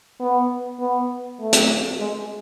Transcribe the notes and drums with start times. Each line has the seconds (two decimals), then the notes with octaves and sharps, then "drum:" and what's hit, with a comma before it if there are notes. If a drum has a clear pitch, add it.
0.20 B3
0.80 B3
1.40 A3
1.53 drum: hi-hat
2.00 G#3